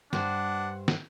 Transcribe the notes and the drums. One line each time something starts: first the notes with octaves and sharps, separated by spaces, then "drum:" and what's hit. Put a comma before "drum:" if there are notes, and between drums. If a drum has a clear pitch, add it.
G2 D4 C5 F#5, drum: snare
drum: snare